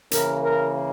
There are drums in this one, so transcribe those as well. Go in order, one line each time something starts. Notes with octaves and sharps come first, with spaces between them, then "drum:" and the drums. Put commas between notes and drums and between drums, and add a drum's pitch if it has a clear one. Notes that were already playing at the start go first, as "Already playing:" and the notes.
C#3 E3 A#3 A#4, drum: hi-hat
A#4